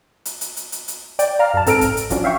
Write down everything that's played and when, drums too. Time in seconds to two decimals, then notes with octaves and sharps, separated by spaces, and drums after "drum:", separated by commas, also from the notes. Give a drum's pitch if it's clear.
0.25 drum: hi-hat
0.41 drum: hi-hat
0.57 drum: hi-hat
0.72 drum: hi-hat
0.88 drum: hi-hat
1.19 D5 G5, drum: hi-hat
1.39 D5 F5 A#5 F6
1.54 F#2 A5
1.66 G#2 C4 A4 A#5 F6 D7, drum: hi-hat
1.81 drum: kick, hi-hat
1.97 drum: hi-hat
2.10 F3 F#3 C#4 D4, drum: kick, hi-hat
2.24 E5 F5 G5 C#6